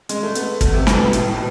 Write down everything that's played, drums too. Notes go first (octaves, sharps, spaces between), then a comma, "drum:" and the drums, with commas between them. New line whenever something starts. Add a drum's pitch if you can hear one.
G#3, drum: hi-hat
A3
B3, drum: hi-hat
A3, drum: kick, hi-hat
C3
B2, drum: snare
B2
A2, drum: hi-hat
B2